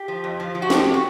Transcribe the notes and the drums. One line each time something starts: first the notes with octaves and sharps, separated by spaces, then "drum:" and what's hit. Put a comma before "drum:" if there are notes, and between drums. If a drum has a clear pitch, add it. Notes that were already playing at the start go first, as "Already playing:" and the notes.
Already playing: G4
F3
F2
F3
F3
F#4
F2 G4, drum: snare
C3
F#4